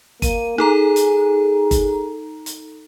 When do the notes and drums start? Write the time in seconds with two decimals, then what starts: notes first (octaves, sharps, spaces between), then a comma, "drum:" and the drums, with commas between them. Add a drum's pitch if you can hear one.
0.22 A#3 D#7, drum: kick G1, hi-hat
0.58 D#4 G#4 A4 A#5
0.96 drum: hi-hat
1.71 drum: kick G1, hi-hat
2.46 drum: hi-hat